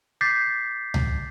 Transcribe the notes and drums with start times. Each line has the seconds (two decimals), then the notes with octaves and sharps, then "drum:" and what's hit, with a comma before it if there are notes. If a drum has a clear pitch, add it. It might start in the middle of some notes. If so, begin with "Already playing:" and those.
0.21 D6 G6 A6 B6 C7
0.94 drum: tom C#2